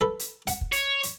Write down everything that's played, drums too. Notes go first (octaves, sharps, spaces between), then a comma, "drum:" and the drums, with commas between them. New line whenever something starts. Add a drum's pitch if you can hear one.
A4 B4
drum: hi-hat
F#5, drum: hi-hat
drum: kick
C#5, drum: hi-hat
drum: hi-hat